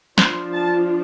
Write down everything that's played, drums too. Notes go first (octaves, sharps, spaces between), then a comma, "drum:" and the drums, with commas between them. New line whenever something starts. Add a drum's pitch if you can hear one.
F3 D4 F4 C6, drum: snare
A5